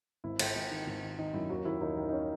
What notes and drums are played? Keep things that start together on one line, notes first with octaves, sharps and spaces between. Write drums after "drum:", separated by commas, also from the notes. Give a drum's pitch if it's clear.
G#1 E4
G#1, drum: cymbal
G#1
D#3
G#1
D#3
D#3 D#4
F#2 E4
D#2 F#4
D#2 E4
D#2 D#4
D#3
D#4
C#4